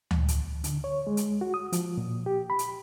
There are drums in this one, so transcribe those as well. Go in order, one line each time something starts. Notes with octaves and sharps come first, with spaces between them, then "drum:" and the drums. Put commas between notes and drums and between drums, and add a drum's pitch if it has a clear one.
drum: tom D2
drum: hi-hat
D3, drum: hi-hat
C#5
G#3
drum: hi-hat
F#4
D#6
F3, drum: hi-hat
A#2
G4
B5
drum: hi-hat